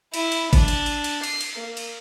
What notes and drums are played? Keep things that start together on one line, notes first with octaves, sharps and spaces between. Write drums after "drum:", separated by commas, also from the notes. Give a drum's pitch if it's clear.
E4, drum: cymbal
drum: cymbal
D4, drum: kick G#1, cymbal
drum: cymbal
drum: cymbal
drum: cymbal
C7, drum: cymbal
drum: cymbal
A#3
drum: cymbal